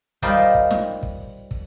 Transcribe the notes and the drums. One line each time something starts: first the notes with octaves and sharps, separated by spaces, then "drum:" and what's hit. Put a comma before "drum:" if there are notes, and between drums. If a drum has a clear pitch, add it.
G3 D#4 F4 A#4 C5 D5, drum: kick
drum: kick
drum: snare
drum: kick
drum: kick